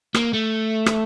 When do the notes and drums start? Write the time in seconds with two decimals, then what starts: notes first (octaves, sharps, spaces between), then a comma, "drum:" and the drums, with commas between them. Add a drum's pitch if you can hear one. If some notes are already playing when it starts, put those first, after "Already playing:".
0.14 A#3, drum: rim click
0.33 A3
0.86 drum: rim click